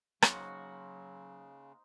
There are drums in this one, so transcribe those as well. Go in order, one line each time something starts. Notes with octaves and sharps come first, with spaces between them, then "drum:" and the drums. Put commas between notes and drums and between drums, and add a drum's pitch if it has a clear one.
C#3 F#3 A#3 D#4 F#4 C5 C#6, drum: rim click